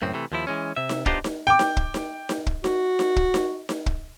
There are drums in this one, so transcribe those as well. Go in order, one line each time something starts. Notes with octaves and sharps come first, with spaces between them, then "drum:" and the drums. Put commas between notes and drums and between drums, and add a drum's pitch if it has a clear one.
C#2 F#2 A2 C4
C3 E3 A3
D#2 F3 E4
E3 G#3 C#4
C3 E5
drum: snare D#4
B3 D4 D#4 F4 G4 C5, drum: kick
drum: snare D#4
G5 D6
drum: snare D#4
drum: kick
drum: snare D#4
drum: snare D#4
drum: kick
F#4, drum: snare D#4
drum: snare D#4
drum: kick
drum: snare D#4
drum: snare D#4
drum: kick